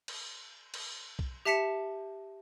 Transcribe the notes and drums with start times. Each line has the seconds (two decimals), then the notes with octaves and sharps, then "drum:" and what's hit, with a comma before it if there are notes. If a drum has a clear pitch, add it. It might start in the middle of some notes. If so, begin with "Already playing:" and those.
0.08 drum: cymbal
0.74 drum: cymbal
1.19 drum: kick B1
1.45 G4 E5 A5 B6 C#7 E7